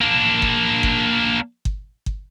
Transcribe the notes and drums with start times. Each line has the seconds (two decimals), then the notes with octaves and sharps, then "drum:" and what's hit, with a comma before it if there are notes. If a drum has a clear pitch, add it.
0.01 A#3 D4
0.42 drum: kick G1
0.83 drum: kick G1
1.65 drum: kick G1
2.06 drum: kick G1